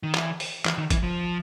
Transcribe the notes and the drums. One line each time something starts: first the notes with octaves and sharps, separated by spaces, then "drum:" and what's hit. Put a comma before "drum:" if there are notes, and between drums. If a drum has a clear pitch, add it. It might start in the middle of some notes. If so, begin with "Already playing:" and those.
D#3
E3, drum: clap
drum: open hi-hat
E3, drum: clap
D#3
E3, drum: kick, hi-hat
F3